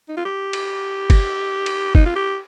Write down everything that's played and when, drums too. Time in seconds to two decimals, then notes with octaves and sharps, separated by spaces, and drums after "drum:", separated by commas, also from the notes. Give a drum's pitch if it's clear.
0.09 D#4
0.17 F4
0.25 G4
0.53 drum: cymbal
1.10 drum: kick F#1, cymbal
1.66 drum: cymbal
1.95 D#4, drum: kick F#1
2.06 F4
2.16 G4